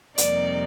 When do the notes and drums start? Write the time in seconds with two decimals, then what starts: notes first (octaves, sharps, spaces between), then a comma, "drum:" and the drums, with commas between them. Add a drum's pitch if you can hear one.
0.18 F2 C3 G3 A#3 D#4 D5, drum: hi-hat